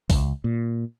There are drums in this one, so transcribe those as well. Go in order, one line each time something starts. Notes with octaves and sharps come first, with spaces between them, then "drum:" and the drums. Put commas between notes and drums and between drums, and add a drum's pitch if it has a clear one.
C#2, drum: kick B1, open hi-hat
A#2